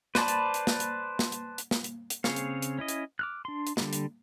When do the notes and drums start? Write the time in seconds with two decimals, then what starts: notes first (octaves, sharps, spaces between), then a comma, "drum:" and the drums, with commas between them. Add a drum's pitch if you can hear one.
0.15 B4 C5 D5 A5 B5, drum: snare
0.28 drum: hi-hat
0.54 drum: hi-hat
0.67 drum: snare
0.80 drum: hi-hat
1.19 drum: snare
1.32 drum: hi-hat
1.58 drum: hi-hat
1.71 drum: snare
1.84 drum: hi-hat
2.10 drum: hi-hat
2.24 C#3 C4 G#4 C#5 F5, drum: snare
2.36 drum: hi-hat
2.62 drum: hi-hat
2.79 C#4 E4 D#5
2.88 drum: hi-hat
3.19 D6 F6 F#6
3.45 D4 C6
3.67 drum: hi-hat
3.77 D3 G3 G#3, drum: snare
3.93 drum: hi-hat